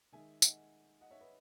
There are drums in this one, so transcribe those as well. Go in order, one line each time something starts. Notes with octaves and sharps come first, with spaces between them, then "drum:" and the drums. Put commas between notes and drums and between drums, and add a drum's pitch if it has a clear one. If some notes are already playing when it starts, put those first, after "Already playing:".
D#3 G#3 D#4 E5 G#5
D#5 F#5, drum: tambourine
D#5 F#5
C#5 E5
B4 D#5